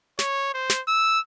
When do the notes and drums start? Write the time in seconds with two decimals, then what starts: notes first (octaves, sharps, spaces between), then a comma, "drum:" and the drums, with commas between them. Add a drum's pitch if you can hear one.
0.19 C#5, drum: snare
0.54 C5
0.70 drum: snare
0.88 E6